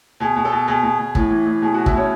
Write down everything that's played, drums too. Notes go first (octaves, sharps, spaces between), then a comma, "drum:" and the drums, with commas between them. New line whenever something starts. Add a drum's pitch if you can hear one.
B2 G#4
B2
A4
B2
B2 G#4
B2
B2
A2, drum: kick
E3
A2
B2 G#4
F#4
B2
E4, drum: kick
B2 C#4